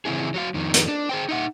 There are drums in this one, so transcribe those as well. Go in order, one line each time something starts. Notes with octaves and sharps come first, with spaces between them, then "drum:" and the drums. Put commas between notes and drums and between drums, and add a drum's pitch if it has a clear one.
C#3 E3 C4 E4 G#4
F#3 F#4 F5
F2 D#3
drum: hi-hat
D4
G#4 C5 G5
D#4 E5 F#5